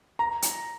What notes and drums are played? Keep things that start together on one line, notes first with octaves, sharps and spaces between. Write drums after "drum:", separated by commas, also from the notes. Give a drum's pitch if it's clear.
A#5
drum: hi-hat